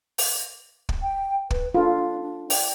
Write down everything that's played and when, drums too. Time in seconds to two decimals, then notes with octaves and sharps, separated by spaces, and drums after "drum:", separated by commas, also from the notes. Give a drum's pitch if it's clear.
0.18 drum: open hi-hat
0.89 drum: kick
1.02 G5
1.50 B4, drum: kick
1.75 D4 F4 A4
2.20 D4
2.50 D5 G5, drum: open hi-hat